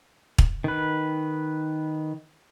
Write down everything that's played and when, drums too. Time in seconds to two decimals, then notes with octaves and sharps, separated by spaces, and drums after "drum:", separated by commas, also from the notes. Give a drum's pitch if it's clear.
0.38 drum: kick
0.64 D#3 B4